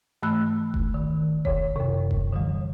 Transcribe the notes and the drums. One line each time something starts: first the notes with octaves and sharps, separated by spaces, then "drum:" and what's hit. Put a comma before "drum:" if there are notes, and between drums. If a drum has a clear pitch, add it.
G#2 E3 A3 B5 E6 F#6
drum: kick E1
D#3
C#5, drum: kick E1
F#2 C3
drum: kick E1
D3 E3 G3